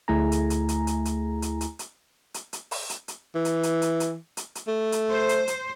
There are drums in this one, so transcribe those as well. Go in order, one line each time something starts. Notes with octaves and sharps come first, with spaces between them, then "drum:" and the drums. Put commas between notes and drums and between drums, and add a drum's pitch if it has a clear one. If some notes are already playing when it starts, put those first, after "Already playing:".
D2 A3 E4 G#4 G#5 A#5
drum: hi-hat
drum: hi-hat
drum: hi-hat
drum: hi-hat
drum: hi-hat
drum: hi-hat
drum: hi-hat
drum: hi-hat
drum: hi-hat
drum: hi-hat
drum: open hi-hat
drum: hi-hat
drum: hi-hat
E3
drum: hi-hat
drum: hi-hat
drum: hi-hat
drum: hi-hat
drum: hi-hat
drum: hi-hat
A3
drum: hi-hat
C5
drum: hi-hat
drum: hi-hat